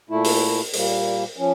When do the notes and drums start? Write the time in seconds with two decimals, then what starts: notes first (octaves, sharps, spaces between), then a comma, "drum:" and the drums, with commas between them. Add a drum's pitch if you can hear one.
0.09 A#2 A3 E4
0.24 drum: open hi-hat
0.73 A#2 G3 A#3, drum: open hi-hat
1.37 F3 C#4